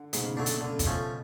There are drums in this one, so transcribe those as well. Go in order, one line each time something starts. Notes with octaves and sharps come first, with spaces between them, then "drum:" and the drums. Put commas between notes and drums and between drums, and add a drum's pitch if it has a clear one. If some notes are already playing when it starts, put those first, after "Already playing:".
Already playing: D3
G#2 B2, drum: hi-hat
C#3
B2 F#3 A3 D4
C#3, drum: hi-hat
B2 D3
C#3
B2, drum: kick, hi-hat
F3 A3 C#4